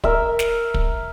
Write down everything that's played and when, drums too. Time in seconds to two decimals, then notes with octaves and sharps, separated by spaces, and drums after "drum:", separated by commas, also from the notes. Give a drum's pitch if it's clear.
0.04 A#4 E5 E6, drum: kick
0.39 drum: snare
0.74 drum: kick